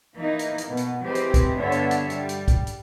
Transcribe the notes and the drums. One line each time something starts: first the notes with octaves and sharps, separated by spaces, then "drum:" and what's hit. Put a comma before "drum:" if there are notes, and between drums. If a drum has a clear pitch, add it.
E3 A#3 D#4
drum: hi-hat
drum: hi-hat
B2 B3
drum: hi-hat
E3 G#3 C4 G4 B4 C5
drum: hi-hat
drum: kick, hi-hat
G2 D3 B3 D4 C#5 E5
drum: hi-hat
drum: hi-hat
G3, drum: hi-hat
drum: hi-hat
drum: kick, hi-hat
drum: hi-hat